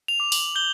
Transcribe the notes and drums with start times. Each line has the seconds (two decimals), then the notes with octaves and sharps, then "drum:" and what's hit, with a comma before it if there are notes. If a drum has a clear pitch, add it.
0.08 F7
0.20 D6
0.32 F#7, drum: open hi-hat
0.55 G6 G7